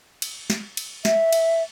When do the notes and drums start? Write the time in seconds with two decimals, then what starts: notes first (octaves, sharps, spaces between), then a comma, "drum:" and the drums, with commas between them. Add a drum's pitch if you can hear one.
0.22 drum: cymbal
0.50 drum: snare
0.77 drum: cymbal
1.05 E5, drum: snare
1.33 drum: cymbal